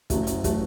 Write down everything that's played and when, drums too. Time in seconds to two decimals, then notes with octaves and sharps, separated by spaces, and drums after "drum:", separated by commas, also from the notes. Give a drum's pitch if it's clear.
0.10 F#1 F#2 F#3 A3, drum: kick, hi-hat
0.27 drum: hi-hat
0.44 F#3 A3, drum: kick, hi-hat